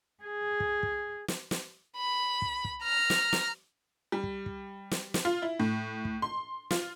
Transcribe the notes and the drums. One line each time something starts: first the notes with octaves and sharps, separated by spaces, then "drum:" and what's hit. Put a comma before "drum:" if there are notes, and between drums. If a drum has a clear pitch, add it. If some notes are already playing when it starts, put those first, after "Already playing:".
G#4
drum: kick
drum: kick
drum: snare
drum: snare
B5
drum: kick
drum: kick
A#5 F6
drum: snare
drum: snare
G3
drum: kick
drum: kick
drum: snare
drum: snare
F4
E4
A2
drum: kick
C6
F4, drum: snare